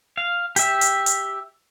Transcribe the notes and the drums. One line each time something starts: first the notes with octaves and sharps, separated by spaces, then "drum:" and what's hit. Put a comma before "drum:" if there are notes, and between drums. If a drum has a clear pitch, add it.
F5
G4 E5, drum: hi-hat
drum: hi-hat
drum: hi-hat